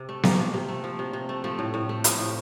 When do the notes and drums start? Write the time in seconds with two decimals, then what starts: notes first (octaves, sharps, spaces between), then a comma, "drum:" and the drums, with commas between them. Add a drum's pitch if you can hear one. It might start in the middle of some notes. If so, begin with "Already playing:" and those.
Already playing: C3
0.09 A3
0.23 F3 A#3, drum: snare B3
0.38 C3
0.54 C3
0.68 A3
0.84 F3
0.99 C3
1.13 C3
1.29 A3
1.44 F3 A3
1.59 A2
1.74 A2
1.89 A3
2.04 F3, drum: hi-hat
2.19 A2